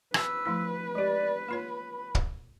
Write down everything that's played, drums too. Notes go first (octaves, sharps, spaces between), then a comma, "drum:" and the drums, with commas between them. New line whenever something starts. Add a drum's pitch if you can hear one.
B4 E6, drum: rim click
F3 A3 E4
G#3 G4 D5
A#3 F4 C#5 B5
drum: kick